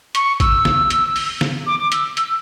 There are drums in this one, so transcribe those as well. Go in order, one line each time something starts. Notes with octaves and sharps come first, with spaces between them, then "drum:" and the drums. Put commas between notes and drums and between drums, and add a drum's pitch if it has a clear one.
C#6, drum: hi-hat
E6, drum: kick G#1, hi-hat
drum: snare
drum: hi-hat
drum: open hi-hat
drum: snare
D6
D6
E6, drum: hi-hat
E6, drum: hi-hat